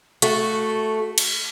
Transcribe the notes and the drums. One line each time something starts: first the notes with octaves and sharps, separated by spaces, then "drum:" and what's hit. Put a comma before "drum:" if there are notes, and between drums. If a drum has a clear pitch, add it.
A3 F#4, drum: hi-hat
drum: cymbal